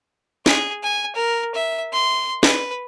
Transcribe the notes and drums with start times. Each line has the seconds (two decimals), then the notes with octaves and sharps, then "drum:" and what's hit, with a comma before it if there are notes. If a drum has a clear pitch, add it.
0.46 G#4, drum: snare
0.83 G#5
1.16 A#4
1.55 E5
1.93 C6
2.43 B4, drum: snare